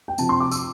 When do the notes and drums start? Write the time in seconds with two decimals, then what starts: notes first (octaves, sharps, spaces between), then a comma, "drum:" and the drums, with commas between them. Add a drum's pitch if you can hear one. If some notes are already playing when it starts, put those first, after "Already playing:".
0.08 G5
0.18 C3 F3 C4 A5, drum: tambourine
0.29 C6
0.40 D6
0.51 E6, drum: tambourine